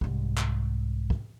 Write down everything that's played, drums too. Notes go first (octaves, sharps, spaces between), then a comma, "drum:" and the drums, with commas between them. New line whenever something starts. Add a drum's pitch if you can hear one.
C2 G#2, drum: kick
drum: clap
drum: kick